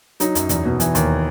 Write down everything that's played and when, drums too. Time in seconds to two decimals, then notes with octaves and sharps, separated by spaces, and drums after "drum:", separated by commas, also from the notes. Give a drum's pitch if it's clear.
0.20 F#3 D#4, drum: hi-hat
0.35 F#2, drum: hi-hat
0.49 E2, drum: hi-hat
0.65 B2
0.80 E3, drum: hi-hat
0.95 D#2, drum: hi-hat